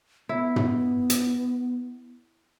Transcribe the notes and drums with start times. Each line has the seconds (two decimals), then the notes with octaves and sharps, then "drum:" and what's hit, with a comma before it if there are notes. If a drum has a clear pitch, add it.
0.29 B3 E4
0.56 drum: tom
1.10 drum: hi-hat